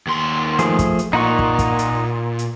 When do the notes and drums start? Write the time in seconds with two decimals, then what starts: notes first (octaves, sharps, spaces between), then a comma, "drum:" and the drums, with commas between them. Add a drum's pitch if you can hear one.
0.07 D#2 C6
0.59 F3 A3 G#4, drum: hi-hat
0.79 drum: kick, hi-hat
0.99 drum: hi-hat
1.13 A#2 D#4 F#5 C#6
1.39 drum: kick
1.59 drum: kick, hi-hat
1.79 drum: hi-hat
2.39 drum: hi-hat